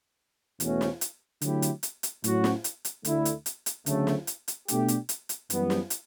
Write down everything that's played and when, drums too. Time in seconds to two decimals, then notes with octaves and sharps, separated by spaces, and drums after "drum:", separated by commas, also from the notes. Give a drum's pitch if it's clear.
0.60 E2 B2 A3 C#4 F#4, drum: hi-hat
0.81 drum: snare
1.01 drum: hi-hat
1.41 D3 F#3 A3 E4 G4, drum: hi-hat
1.62 drum: hi-hat
1.83 drum: hi-hat
2.03 drum: hi-hat
2.24 A2 F#3 C#4 F#4, drum: hi-hat
2.44 drum: snare
2.64 drum: hi-hat
2.85 drum: hi-hat
3.05 D2 D3 A3 E4, drum: hi-hat
3.25 drum: hi-hat
3.46 drum: hi-hat
3.66 drum: hi-hat
3.86 D2 C#3 F#3 A3, drum: hi-hat
4.07 drum: snare
4.27 drum: hi-hat
4.48 drum: hi-hat
4.68 B2 A3 D4 G4, drum: hi-hat
4.88 drum: hi-hat
5.09 drum: hi-hat
5.29 drum: hi-hat
5.50 F#2 E3 G3 B3, drum: hi-hat
5.70 drum: snare
5.90 drum: hi-hat